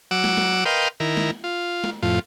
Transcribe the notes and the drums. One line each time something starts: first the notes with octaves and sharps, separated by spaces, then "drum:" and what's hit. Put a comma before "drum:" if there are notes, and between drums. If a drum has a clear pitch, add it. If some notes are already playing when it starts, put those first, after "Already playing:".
F#3 F#5 D6 E6
drum: snare
drum: snare
A#4 B4 D#5 F5 G5 C6
D#3 E4 A#4
drum: snare
F4
drum: snare
F2 A2 F4